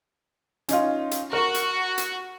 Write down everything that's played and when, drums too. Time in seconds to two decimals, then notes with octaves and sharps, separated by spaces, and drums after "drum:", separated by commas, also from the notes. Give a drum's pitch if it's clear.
0.69 C#4 D#4 F4, drum: hi-hat
1.11 drum: hi-hat
1.33 F#4 A#4
1.55 drum: hi-hat
1.98 drum: hi-hat